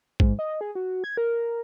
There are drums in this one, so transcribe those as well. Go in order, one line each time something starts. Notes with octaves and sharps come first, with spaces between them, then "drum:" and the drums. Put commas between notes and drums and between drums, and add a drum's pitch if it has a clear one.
G#2, drum: kick
D#5
G#4
F#4
G#6
A#4